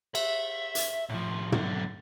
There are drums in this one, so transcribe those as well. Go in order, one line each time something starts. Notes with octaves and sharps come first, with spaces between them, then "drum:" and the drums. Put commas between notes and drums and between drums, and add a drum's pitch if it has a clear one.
E5, drum: cymbal
drum: hi-hat
A2 F3
B1 D3, drum: tom